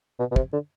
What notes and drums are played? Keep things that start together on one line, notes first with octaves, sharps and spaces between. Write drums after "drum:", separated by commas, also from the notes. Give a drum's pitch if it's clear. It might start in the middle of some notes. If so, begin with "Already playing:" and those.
B2
B2
C3, drum: kick
D3